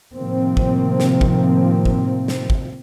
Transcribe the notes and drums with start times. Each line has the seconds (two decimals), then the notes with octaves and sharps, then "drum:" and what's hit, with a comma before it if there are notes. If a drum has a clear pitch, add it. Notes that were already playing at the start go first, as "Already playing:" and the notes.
0.14 A2 C3 D#3 F3 A#3 C4
0.57 drum: kick
1.00 drum: snare
1.21 drum: kick
1.85 drum: kick
2.28 drum: snare
2.50 drum: kick